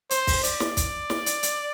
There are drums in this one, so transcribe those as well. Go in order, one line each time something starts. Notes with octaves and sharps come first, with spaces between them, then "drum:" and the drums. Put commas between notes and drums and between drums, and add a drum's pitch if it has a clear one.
C5, drum: hi-hat
drum: kick, open hi-hat
D5, drum: hi-hat
drum: snare
drum: kick, hi-hat
drum: snare
drum: hi-hat
drum: hi-hat